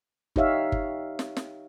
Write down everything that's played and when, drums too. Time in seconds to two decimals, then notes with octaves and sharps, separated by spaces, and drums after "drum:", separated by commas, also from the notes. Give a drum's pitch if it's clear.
0.36 D#4 G4 C#5 E5 F5, drum: kick G1
0.72 drum: kick G1
1.19 drum: snare
1.37 drum: snare